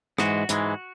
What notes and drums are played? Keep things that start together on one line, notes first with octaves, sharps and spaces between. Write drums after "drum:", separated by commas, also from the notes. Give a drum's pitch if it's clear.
G#2 E3 G#3 F#4, drum: rim click
G#2 E3 G#3, drum: hi-hat